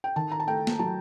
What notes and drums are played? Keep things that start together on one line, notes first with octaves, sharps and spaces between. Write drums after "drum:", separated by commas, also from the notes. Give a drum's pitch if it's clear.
G5
D#3 A5
A#5
A5
A3 G5
drum: snare A#3
F#3 A5